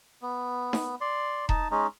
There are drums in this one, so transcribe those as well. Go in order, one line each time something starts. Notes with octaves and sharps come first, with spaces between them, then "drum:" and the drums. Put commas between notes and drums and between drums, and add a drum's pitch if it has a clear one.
B3
drum: snare D#4
D5 C6
D#4 A5, drum: kick E1
G#3 C#4 D#4